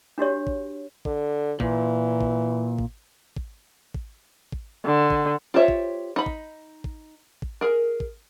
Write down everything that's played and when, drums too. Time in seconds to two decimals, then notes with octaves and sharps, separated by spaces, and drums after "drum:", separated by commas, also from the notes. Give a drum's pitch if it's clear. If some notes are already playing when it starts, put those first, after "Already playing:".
0.18 D4 F#4 G4 C#5
0.47 drum: kick
1.05 D3, drum: kick
1.60 A#2 E3, drum: kick
2.21 drum: kick
2.79 drum: kick
3.37 drum: kick
3.94 drum: kick
4.52 drum: kick
4.85 D3
5.10 drum: kick
5.54 F4 G4 C5 C#5 E5
5.68 drum: kick
6.16 D#4 B5
6.26 drum: kick
6.84 drum: kick
7.42 drum: kick
7.61 G#4 A#4
8.00 drum: kick